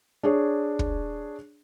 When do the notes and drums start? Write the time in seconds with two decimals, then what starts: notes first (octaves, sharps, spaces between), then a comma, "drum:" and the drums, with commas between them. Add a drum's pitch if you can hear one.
0.23 D4 G#4 C#5
0.79 drum: kick